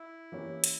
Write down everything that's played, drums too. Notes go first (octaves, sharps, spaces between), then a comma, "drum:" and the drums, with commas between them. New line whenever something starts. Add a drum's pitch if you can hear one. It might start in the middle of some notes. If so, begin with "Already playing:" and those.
Already playing: E4
E3 A#3 C#4 G4 C#5
drum: hi-hat